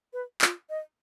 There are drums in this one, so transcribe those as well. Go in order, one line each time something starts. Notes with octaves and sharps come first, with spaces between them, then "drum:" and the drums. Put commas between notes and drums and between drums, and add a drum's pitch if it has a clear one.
B4
F4, drum: clap
D#5